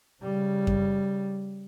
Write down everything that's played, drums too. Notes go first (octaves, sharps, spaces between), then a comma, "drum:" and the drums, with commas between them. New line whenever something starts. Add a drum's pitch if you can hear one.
C#3 G3
drum: kick F#2